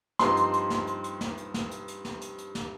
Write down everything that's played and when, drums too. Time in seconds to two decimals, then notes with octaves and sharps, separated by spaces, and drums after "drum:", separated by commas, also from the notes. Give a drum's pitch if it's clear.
0.19 G2 F3 C4 D#4 C6, drum: snare
0.37 drum: hi-hat
0.54 drum: hi-hat
0.70 drum: snare
0.87 drum: hi-hat
1.04 drum: hi-hat
1.21 drum: snare
1.37 drum: hi-hat
1.54 drum: snare
1.71 drum: hi-hat
1.88 drum: hi-hat
2.05 drum: snare
2.21 drum: hi-hat
2.38 drum: hi-hat
2.55 drum: snare